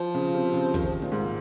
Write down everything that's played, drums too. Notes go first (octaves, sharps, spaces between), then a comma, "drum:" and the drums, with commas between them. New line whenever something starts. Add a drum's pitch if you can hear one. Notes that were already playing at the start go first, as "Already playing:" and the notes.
Already playing: F3
C#3, drum: hi-hat
C3
C3
C#3
D#3, drum: kick, hi-hat
A#2, drum: hi-hat
G#2